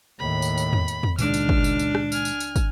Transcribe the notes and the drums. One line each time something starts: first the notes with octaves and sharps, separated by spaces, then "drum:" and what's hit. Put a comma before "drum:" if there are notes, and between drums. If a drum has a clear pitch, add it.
D#2 A2 B5
drum: tambourine
drum: tambourine
drum: tom E2
drum: tambourine
drum: tom E2
C#2 A#2 D#3 G#3 D4 F6, drum: tambourine
drum: tambourine
drum: kick
drum: tambourine
drum: tambourine
drum: rim click
G#5 F6, drum: tambourine
drum: tambourine
drum: tambourine
drum: kick, tambourine